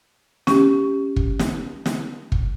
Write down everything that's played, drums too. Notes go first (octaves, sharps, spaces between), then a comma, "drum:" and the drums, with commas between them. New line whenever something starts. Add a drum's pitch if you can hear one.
C#4 G4, drum: snare
drum: kick
drum: snare
drum: snare
drum: kick